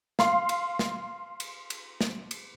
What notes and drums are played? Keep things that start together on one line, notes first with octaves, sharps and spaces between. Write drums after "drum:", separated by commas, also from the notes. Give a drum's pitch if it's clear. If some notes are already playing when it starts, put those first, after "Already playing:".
F5 C6, drum: snare
drum: cymbal
drum: snare
drum: cymbal
drum: cymbal
drum: snare
drum: cymbal